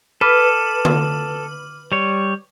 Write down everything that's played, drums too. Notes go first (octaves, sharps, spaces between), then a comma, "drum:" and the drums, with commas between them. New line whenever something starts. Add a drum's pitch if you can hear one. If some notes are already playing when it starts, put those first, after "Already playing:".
A4 B4 D6 F6 D#7
drum: tom D3
G3 C#5